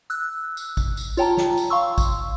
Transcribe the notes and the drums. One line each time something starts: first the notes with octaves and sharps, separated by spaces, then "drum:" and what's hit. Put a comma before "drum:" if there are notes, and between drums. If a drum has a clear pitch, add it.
E6 F#6
drum: tambourine
drum: kick A1, tambourine
drum: tambourine
F4 C#5 G5 A5 A#5, drum: tambourine
drum: snare
drum: tambourine
F5 C6 C#6 E6
drum: kick A1, tambourine